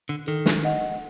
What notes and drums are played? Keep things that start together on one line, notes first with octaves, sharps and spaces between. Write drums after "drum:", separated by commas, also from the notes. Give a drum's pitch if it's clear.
D3
D#3 A4
drum: snare
D#5 F#5